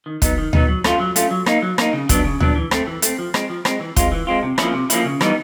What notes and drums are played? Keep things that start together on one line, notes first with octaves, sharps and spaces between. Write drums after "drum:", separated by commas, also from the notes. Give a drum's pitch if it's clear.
D#3
F#3 B3 D#4, drum: kick, hi-hat
D#3
F#3 B3 D#4, drum: tom D2
F#3
A3 C#4 F4, drum: rim click
F#3
A3 C#4 F4, drum: hi-hat
F#3
A#3 D#4, drum: rim click
F#3
A#3 D#4, drum: rim click
C#3
F#3 B3 D4, drum: kick, hi-hat
C#3
F#3 B3 D4, drum: tom D2
E3
A3 C4, drum: rim click
E3
A3 C4, drum: hi-hat
F3
G#3 C4, drum: rim click
F3
G#3 C4, drum: rim click
E3
G#3 C4 F4, drum: kick, hi-hat
E3
G#3 C4 F4
C3
F3 A#3 C#4 E4, drum: rim click
C3
F3 A#3 C#4 E4, drum: hi-hat
C#3
E3 G3 B3 D#4, drum: rim click